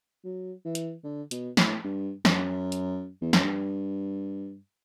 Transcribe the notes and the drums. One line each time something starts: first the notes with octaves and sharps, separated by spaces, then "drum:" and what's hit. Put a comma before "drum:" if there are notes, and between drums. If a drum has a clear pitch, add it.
F#3
E3
drum: hi-hat
D3
B2, drum: hi-hat
A2, drum: snare
G2
F#2, drum: snare
drum: hi-hat
E2
F#2, drum: snare
G2